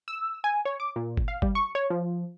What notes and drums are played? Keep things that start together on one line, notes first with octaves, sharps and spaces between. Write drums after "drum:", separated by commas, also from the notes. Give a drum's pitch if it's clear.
E6
G#5
C#5
D6
A#2
drum: kick G1
F5
G3, drum: kick G1
C#6
C#5
F3